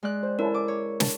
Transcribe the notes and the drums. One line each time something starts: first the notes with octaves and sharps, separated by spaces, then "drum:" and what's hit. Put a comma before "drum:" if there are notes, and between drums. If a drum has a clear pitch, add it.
G#3 D5 F#6
C5
C#4 E4 A4 A#4
D6
C#5
A5, drum: snare